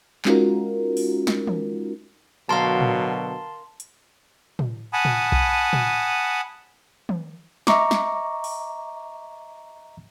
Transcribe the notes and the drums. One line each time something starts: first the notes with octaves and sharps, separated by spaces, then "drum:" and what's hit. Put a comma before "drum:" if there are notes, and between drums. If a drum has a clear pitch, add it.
G#3 C#4 D#4 F4 F#4 A#4, drum: clap
drum: open hi-hat
drum: snare
drum: tom
B2 D3 F#3 A#4 F5 A5 C6
drum: tom
drum: hi-hat
drum: tom
F#5 G#5 A5 B5 D#6
drum: tom
drum: kick B1
drum: tom
drum: tom
D#5 E5 A#5 C#6 D6, drum: snare
drum: snare
drum: open hi-hat